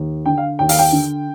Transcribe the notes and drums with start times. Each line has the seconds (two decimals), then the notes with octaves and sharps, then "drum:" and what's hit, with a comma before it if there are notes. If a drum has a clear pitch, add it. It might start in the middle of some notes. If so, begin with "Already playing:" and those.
Already playing: D#2
0.26 D3 G5
0.38 F5
0.59 D#2 G5
0.69 F5, drum: open hi-hat
0.79 G5
0.92 D3